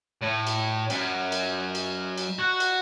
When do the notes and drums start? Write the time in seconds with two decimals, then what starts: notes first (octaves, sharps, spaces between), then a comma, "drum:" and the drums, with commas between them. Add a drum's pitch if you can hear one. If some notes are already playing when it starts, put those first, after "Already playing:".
0.21 A2
0.47 drum: cymbal
0.90 F#2, drum: cymbal
1.32 drum: cymbal
1.75 drum: cymbal
2.18 drum: cymbal
2.39 F#4
2.60 drum: cymbal